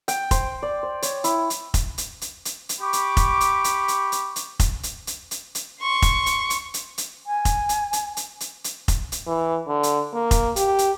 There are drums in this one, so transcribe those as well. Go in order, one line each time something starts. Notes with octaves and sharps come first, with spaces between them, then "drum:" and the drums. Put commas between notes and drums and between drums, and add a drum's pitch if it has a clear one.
G5, drum: hi-hat
C5, drum: kick F1, hi-hat
D5
C5
C#5, drum: hi-hat
E4, drum: hi-hat
drum: hi-hat
drum: kick F1, hi-hat
drum: hi-hat
drum: hi-hat
drum: hi-hat
drum: hi-hat
G4 B5 C#6 D6
drum: hi-hat
drum: kick F1, hi-hat
drum: hi-hat
drum: hi-hat
drum: hi-hat
drum: hi-hat
drum: hi-hat
drum: kick F1, hi-hat
drum: hi-hat
drum: hi-hat
drum: hi-hat
drum: hi-hat
C6 C#6
drum: kick F1, hi-hat
drum: hi-hat
drum: hi-hat
drum: hi-hat
drum: hi-hat
G#5
drum: kick F1, hi-hat
drum: hi-hat
drum: hi-hat
drum: hi-hat
drum: hi-hat
drum: hi-hat
drum: kick F1, hi-hat
drum: hi-hat
E3
D3
drum: hi-hat
A#3
drum: kick F1, hi-hat
G4, drum: hi-hat
drum: hi-hat